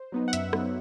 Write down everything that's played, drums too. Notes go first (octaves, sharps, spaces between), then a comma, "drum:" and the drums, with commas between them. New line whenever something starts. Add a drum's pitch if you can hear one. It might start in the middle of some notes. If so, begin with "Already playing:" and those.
Already playing: C5
F#3 B3 D#4
F#5
F#2 E5, drum: hi-hat
F#3 B3 D#4, drum: rim click